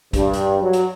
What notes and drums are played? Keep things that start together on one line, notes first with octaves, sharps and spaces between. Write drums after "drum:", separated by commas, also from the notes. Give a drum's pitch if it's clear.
G2, drum: kick G#1, hi-hat
drum: hi-hat
F#3
drum: hi-hat